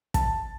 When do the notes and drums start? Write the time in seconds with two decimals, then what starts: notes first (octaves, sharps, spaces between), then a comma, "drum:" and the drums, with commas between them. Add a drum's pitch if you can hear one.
0.14 A5, drum: kick, hi-hat